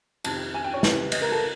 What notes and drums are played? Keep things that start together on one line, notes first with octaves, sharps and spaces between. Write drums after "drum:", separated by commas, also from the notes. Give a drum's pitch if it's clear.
F2 C3 D#3 A5, drum: cymbal
G#5
G5
C#5
C#2 C3 E3 B4, drum: snare
D#5, drum: cymbal
A#4
A4